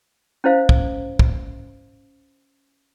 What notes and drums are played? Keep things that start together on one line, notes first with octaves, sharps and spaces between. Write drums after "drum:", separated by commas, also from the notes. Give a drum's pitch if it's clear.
C#4 E4 C5 F5
drum: kick
drum: kick